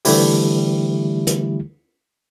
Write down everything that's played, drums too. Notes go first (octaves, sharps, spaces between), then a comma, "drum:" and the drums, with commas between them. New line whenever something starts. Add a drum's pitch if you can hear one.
D3 E3 G3 A3 E4 G4, drum: open hi-hat
drum: hi-hat